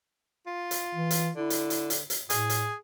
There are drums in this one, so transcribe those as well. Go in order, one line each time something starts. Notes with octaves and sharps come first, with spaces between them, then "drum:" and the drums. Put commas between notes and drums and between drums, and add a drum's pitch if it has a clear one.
F4
drum: hi-hat
E3
drum: hi-hat
D3 E4
drum: hi-hat
drum: hi-hat
drum: hi-hat
drum: hi-hat
A2 G#4, drum: hi-hat
drum: hi-hat